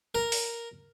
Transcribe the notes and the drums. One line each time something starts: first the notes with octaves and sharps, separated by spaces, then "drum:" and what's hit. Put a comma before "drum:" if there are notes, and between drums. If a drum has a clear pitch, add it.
A#4
drum: open hi-hat